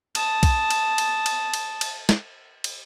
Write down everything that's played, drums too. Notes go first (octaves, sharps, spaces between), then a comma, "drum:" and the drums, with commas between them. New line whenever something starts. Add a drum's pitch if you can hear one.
A5 D#6, drum: cymbal
drum: kick B1, cymbal
drum: cymbal
drum: cymbal
drum: cymbal
drum: cymbal
drum: cymbal
drum: snare
drum: cymbal